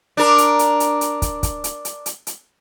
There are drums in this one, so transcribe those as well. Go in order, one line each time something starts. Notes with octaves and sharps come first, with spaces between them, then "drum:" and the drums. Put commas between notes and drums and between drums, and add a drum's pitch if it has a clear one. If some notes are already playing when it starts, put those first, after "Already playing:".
D4 A#4
drum: hi-hat
drum: hi-hat
drum: hi-hat
drum: hi-hat
drum: kick, hi-hat
drum: kick, hi-hat
drum: hi-hat
drum: hi-hat
drum: hi-hat
drum: hi-hat